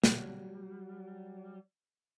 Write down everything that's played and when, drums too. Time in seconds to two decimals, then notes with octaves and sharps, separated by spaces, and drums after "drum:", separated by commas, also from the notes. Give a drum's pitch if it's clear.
0.04 F#3 G3, drum: snare